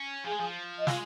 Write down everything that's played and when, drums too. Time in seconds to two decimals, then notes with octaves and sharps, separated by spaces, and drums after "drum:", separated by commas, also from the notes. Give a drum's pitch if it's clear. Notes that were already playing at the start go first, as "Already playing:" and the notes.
Already playing: C#4
0.24 F3 G#4 G#5
0.31 G#3
0.40 F3
0.78 D#5
0.87 G#3 F4 F5, drum: snare